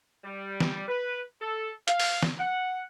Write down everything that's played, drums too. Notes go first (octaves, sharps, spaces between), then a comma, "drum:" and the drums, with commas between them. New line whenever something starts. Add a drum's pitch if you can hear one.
G3
drum: snare
B4
A4
F5, drum: hi-hat
drum: open hi-hat
drum: snare
F#5